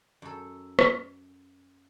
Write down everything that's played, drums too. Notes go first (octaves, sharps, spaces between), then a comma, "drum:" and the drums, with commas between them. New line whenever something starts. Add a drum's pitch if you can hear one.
F#2 A4
drum: rim click